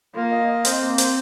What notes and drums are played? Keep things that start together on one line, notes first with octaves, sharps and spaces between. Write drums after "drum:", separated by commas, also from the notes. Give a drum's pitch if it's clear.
A#3 F4
D#5
D#5
C4 C5, drum: hi-hat
A#3
C5, drum: hi-hat